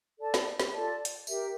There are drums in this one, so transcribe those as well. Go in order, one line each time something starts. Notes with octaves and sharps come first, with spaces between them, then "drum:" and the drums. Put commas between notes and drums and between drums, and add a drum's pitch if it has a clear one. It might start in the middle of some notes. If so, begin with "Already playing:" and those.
A4 D5 A5
drum: snare
drum: snare
F4 A4 D5 A5
drum: hi-hat
G4 A#4 E5, drum: tambourine